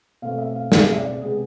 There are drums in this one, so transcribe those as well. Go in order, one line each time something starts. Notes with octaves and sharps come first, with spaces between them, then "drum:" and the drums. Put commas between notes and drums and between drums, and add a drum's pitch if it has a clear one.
B2 A3 C4 F5
E5
F5
B2 A3 C4 F5, drum: snare
E5
D5
C3 G#3 B3 G#4